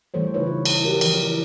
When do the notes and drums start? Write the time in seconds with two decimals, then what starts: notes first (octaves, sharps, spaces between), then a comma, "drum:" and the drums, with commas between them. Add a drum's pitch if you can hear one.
0.14 E3 G3 A3 A4 C5 C#5
0.34 C#3 A3 D#4 F4 B4 C#5
0.46 E4
0.65 drum: cymbal
0.84 F#4 G4 A#4
1.01 E3 F3, drum: cymbal
1.17 E4